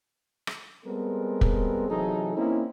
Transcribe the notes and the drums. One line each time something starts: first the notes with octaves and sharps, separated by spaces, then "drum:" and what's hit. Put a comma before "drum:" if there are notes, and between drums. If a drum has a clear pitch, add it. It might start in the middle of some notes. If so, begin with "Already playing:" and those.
drum: rim click
G3 G#3 B3 C4 A4 A#4
drum: kick
C3 E3 F#3 D#4 G#4 A4
A#3 C4 C#4 D#4 E4